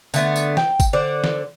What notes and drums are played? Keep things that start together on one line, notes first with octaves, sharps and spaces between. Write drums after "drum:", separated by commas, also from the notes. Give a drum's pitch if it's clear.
D3 A3 B3, drum: tambourine
drum: tambourine
G5, drum: snare
drum: kick G#1, tambourine
D3 C5 D5
drum: snare